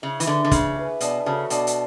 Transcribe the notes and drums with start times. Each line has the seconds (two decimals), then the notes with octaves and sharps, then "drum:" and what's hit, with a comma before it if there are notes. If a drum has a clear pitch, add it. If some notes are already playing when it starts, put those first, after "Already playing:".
0.02 C#3 E4
0.20 E3, drum: hi-hat
0.27 D3 G#4 B4
0.45 D3
0.51 C#3 E4, drum: kick, hi-hat
0.76 G#4 B4
1.01 B2 D4, drum: hi-hat
1.25 C#3 F#4 A4 C#5
1.50 B2 D4, drum: hi-hat
1.67 drum: hi-hat